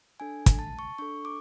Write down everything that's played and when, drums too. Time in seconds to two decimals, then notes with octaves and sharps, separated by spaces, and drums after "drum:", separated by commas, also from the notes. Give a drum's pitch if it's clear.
0.20 D4 A4 G#5
0.46 drum: kick, hi-hat
0.59 A5
0.79 C#6
0.98 D4 A4 C#6
1.25 D6